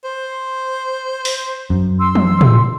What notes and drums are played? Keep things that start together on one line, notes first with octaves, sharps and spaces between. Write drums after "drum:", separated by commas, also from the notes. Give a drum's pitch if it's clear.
C5
drum: open hi-hat
F#2
C6 E6
drum: tom
drum: tom